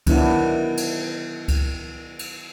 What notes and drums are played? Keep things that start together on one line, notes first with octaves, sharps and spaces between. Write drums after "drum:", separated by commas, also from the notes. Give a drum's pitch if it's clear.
D#3 F#3 B3 D4 E4, drum: kick C#2, cymbal
drum: cymbal
drum: kick C#2, cymbal
drum: cymbal